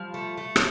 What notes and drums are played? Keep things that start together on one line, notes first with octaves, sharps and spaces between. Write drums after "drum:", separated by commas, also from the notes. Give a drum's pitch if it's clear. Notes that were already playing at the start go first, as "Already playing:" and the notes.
Already playing: F3 G3
A3
A3
drum: rim click